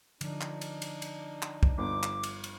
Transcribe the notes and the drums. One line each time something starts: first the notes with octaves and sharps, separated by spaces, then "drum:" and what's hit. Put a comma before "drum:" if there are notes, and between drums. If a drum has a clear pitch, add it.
D3 F3 D4 D#4, drum: cymbal
drum: clap
drum: cymbal
drum: cymbal
drum: cymbal
drum: clap
drum: kick
G1 D6
drum: clap
drum: cymbal
drum: cymbal